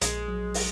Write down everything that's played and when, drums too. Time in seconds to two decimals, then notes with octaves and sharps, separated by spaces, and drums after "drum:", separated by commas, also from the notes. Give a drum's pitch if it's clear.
0.01 A#1 G#3, drum: hi-hat
0.28 F#3
0.54 drum: open hi-hat